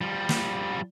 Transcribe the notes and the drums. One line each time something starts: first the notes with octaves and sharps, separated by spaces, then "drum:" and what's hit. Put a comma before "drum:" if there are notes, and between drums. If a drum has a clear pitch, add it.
F3 G3
drum: snare